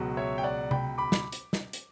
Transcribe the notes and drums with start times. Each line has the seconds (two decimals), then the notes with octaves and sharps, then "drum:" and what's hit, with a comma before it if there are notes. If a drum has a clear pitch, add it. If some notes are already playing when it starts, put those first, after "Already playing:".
Already playing: C#2 B2 F#3
0.17 C#5 E5
0.38 G5
0.43 D5 F#5
0.71 G5 B5, drum: tom C3
0.98 B5 D6
1.12 drum: snare
1.32 drum: hi-hat
1.53 drum: snare
1.73 drum: hi-hat